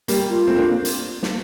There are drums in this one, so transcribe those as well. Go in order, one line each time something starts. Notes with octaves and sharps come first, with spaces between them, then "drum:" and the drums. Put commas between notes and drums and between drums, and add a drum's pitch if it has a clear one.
G3 A#3 G4, drum: hi-hat
F4
A3 C4
A#3 D4
drum: hi-hat
drum: snare